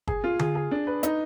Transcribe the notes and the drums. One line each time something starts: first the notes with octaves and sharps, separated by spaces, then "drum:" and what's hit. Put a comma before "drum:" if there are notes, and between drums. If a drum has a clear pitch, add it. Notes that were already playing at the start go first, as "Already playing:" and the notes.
G#4, drum: kick
F4
G#4, drum: tom D3
G#4
D4
B4
D#4, drum: hi-hat